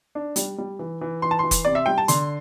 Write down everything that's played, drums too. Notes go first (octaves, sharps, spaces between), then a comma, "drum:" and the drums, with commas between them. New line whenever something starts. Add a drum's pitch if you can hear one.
D4
G3, drum: hi-hat
G3
E3
E3
E3 C6
A5
E3 C6
drum: kick F1, hi-hat
C3 D5
E5
G3 G5
A5
D3 C6, drum: hi-hat